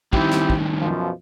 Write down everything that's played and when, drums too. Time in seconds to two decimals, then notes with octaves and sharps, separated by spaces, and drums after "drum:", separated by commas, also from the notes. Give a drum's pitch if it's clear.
0.13 C2 D#3 C4 E4 G4, drum: kick
0.31 drum: snare
0.50 drum: kick
0.80 F#2 B2 F3